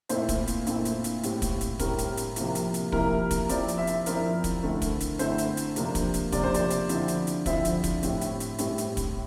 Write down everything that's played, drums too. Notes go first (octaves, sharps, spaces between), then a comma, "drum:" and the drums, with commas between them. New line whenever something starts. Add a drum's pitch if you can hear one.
A#2 A3 C4 E4 C5, drum: hi-hat
drum: kick, hi-hat
drum: hi-hat
A#2 A3 C4 E4, drum: hi-hat
drum: hi-hat
drum: hi-hat
A2 G3 C4, drum: hi-hat
drum: kick, hi-hat
drum: hi-hat
A2 G3 C4 A#4, drum: kick, hi-hat
drum: hi-hat
drum: hi-hat
C3 F3 A#3 E4, drum: hi-hat
drum: hi-hat
drum: hi-hat
C3 F3 A#3 E4 A#4, drum: kick
drum: kick, hi-hat
F3 C4 E4 D5, drum: hi-hat
drum: hi-hat
E5
drum: hi-hat
F3 C4 E4 A#4, drum: hi-hat
drum: kick, hi-hat
D3 A3 C4 E4
drum: kick, hi-hat
drum: hi-hat
D3 A3 C4 E4 C5, drum: hi-hat
drum: hi-hat
drum: hi-hat
C3 F3 A#3 D4, drum: hi-hat
drum: kick, hi-hat
drum: hi-hat
C3 F3 A#3 D4 D5, drum: kick, hi-hat
C5
D5, drum: hi-hat
drum: hi-hat
D3 F3 C4 E4, drum: hi-hat
drum: hi-hat
drum: hi-hat
D3 F3 C4 E4 E5, drum: kick, hi-hat
drum: hi-hat
drum: kick, hi-hat
A2 G3 C4 E4, drum: hi-hat
drum: hi-hat
drum: hi-hat
A2 G3 C4 E4, drum: hi-hat
drum: hi-hat
drum: kick, hi-hat